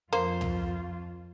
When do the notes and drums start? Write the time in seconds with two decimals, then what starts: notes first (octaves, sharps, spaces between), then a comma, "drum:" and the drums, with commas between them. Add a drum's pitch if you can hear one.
0.13 F2 A#3 F4 C5
0.41 drum: tom